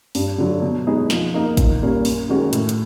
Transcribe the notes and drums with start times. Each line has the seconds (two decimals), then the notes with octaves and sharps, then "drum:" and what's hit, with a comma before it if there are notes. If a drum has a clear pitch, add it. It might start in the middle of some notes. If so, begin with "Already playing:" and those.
0.15 G2, drum: open hi-hat
0.38 D3 F#3
0.62 B2
0.87 G#3 B3 D#4 G#4
1.10 F3, drum: snare
1.34 A#3 D#4
1.57 A#2, drum: kick, hi-hat
1.82 G3 A#3 C#4
2.05 F#2, drum: open hi-hat
2.29 D#3 G#3 C#4 F#4
2.53 A2, drum: hi-hat
2.69 drum: hi-hat